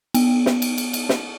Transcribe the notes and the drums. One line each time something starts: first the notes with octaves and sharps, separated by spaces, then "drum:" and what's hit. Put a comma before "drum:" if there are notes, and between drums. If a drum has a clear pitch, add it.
B3, drum: cymbal
drum: snare
drum: cymbal
drum: cymbal
drum: cymbal
drum: snare